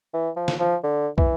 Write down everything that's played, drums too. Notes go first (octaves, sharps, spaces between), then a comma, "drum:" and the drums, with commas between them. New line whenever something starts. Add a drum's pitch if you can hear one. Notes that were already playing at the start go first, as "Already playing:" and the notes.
E3
F3
drum: snare
F3
D3
E3, drum: kick